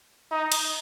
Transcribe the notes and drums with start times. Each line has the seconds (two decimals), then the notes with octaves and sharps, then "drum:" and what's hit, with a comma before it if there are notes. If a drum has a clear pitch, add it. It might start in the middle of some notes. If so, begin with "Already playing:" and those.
0.31 D#4
0.52 drum: cymbal